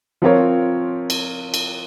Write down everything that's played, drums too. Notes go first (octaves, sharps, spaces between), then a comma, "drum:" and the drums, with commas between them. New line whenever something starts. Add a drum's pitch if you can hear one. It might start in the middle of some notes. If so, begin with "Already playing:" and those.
F3 C4 F4 A#4 C#5
drum: cymbal
drum: cymbal